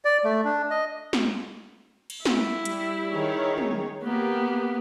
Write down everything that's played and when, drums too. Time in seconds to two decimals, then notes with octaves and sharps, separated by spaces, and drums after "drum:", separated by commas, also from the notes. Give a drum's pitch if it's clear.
0.05 D5
0.24 A3
0.45 D4
0.71 D#5
1.13 drum: snare
2.10 drum: cymbal
2.25 E4, drum: snare
2.65 G3, drum: hi-hat
3.10 D#3 G#4 C#5
3.58 drum: tom
4.04 A#3 B3 G4